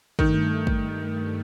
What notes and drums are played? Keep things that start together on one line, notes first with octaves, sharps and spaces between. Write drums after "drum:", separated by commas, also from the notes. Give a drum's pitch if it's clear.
G2 D#3 A3, drum: kick
drum: kick